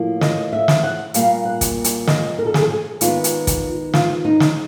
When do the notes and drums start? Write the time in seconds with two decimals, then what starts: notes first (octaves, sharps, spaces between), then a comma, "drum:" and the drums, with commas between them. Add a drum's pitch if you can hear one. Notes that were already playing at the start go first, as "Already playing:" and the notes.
Already playing: A2 F3 A#3
0.21 D#5, drum: snare
0.53 E5
0.68 drum: snare
0.83 F#5
1.14 A#2 G3 A#3 F5, drum: hi-hat
1.45 F#5
1.61 drum: kick, hi-hat
1.84 drum: hi-hat
2.07 D#5, drum: snare
2.39 A#4
2.46 A4
2.54 G#4, drum: snare
2.61 A4
2.69 G#4
3.01 D#3 G#3 B3 F4, drum: hi-hat
3.24 drum: hi-hat
3.47 drum: kick, hi-hat
3.94 F4, drum: snare
4.25 D#4
4.40 drum: snare